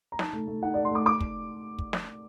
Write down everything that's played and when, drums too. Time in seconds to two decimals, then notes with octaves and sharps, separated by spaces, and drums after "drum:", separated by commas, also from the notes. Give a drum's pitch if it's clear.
0.12 A#5
0.19 D#4 A5, drum: snare
0.33 A3
0.47 A3
0.62 D#4 F#5
0.74 D5
0.77 A3
0.85 C6
0.91 A3 D6
1.06 D6
1.21 drum: kick
1.79 drum: kick
1.93 drum: snare